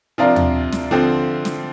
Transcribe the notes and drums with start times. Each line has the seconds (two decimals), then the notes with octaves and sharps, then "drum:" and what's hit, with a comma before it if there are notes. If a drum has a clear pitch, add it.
0.18 C3 F3 D4 F4 A#4
0.36 drum: tom D#2
0.73 drum: snare
0.91 D3 F3 C4
1.45 drum: snare